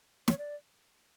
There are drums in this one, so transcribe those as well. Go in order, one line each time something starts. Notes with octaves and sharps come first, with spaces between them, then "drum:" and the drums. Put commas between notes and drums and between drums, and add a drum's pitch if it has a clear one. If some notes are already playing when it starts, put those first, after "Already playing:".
C#5, drum: snare
D5